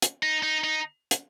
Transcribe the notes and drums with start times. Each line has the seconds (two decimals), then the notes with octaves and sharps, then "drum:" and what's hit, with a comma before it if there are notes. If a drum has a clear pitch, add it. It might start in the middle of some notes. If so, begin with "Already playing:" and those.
0.02 drum: hi-hat
0.23 D#4
0.43 D#4
0.64 D#4
1.11 drum: hi-hat